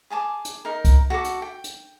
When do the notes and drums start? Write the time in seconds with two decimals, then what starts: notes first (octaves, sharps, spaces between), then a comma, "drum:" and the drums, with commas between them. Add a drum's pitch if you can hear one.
0.10 G#4 G#5 A5 D6
0.45 drum: hi-hat
0.65 D#4 A#4
0.85 drum: kick C2, hi-hat
1.10 F#4 A4 A5 D6
1.24 drum: hi-hat
1.42 G5
1.64 drum: hi-hat